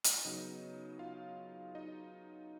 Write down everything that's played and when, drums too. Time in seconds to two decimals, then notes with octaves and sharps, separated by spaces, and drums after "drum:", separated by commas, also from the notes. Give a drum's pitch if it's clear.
0.04 drum: hi-hat
0.25 C#3 F#3 B3 D#4 D#5
0.99 F4 F5
1.75 D#4 D#5